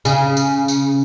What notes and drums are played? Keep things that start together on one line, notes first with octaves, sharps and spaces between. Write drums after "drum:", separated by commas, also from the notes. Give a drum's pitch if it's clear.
C#3, drum: tambourine
drum: tambourine
drum: tambourine